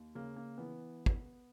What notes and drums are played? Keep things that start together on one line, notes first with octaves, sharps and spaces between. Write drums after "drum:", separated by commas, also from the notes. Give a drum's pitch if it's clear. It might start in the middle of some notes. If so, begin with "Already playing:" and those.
Already playing: D#2
C#3 A#3
A#3
E3 B3
drum: kick